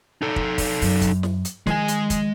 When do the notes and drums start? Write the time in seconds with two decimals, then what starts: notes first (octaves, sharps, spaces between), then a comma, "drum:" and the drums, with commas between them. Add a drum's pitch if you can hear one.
0.22 D#4 A4
0.36 drum: kick
0.58 drum: kick, open hi-hat
0.82 F#2, drum: open hi-hat
1.01 drum: kick, hi-hat
1.23 drum: snare
1.45 drum: hi-hat
1.67 D#3 F3 G#3 G#5, drum: snare
1.88 drum: hi-hat
2.10 drum: kick, hi-hat